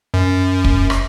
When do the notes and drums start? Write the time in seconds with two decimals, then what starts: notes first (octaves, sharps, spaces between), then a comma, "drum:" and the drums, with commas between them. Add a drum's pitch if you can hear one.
0.14 F#2
0.64 drum: kick
0.90 drum: rim click